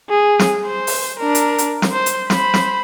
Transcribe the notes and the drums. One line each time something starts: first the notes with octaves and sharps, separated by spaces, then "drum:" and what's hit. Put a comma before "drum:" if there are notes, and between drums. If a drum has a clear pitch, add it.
G#4
drum: snare
C5
drum: open hi-hat
D4 A#4
drum: hi-hat
drum: hi-hat
drum: snare
C5
drum: hi-hat
C5 B5, drum: snare
drum: snare